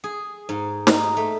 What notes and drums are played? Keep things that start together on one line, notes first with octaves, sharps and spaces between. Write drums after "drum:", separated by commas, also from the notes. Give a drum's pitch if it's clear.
G#4
G#2
D#4, drum: snare
A3